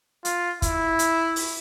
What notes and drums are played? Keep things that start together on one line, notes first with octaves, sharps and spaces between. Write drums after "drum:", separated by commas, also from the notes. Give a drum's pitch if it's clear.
F4, drum: hi-hat
E4, drum: kick, hi-hat
drum: hi-hat
drum: open hi-hat